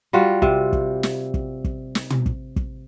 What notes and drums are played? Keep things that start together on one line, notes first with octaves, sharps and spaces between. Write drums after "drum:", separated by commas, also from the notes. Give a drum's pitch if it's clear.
G3 F4 F#4
C3, drum: kick
drum: kick
drum: snare
drum: kick
drum: kick
drum: snare
drum: tom
drum: kick
drum: kick